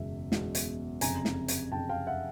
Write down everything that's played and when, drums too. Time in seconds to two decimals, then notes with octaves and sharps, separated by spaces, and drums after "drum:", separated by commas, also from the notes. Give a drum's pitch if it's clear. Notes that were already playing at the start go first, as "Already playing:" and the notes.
Already playing: F#1 E2 B2 G#3 E5
0.32 F#1 E2 B2 G#3, drum: snare
0.55 drum: hi-hat
1.01 F#1 F2 C3 G#5 A#5, drum: hi-hat
1.25 drum: snare
1.48 drum: hi-hat
1.72 F#1 F2 C3 G5 A5
1.89 F5 G5
2.07 E5 F#5